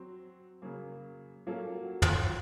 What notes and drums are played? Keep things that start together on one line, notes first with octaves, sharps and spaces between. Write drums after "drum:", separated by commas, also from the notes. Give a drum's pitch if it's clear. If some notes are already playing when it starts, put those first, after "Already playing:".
Already playing: F#3 C4 F#4
C#3 F#3 A#3
F#3 A#3 C#4 F4 A4
F#4
F4, drum: tom